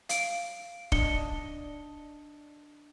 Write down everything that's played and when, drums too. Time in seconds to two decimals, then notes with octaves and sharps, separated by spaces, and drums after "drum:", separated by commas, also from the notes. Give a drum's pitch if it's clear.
0.09 F5 D7, drum: hi-hat
0.92 D4 D#5 C#7 G7, drum: kick E1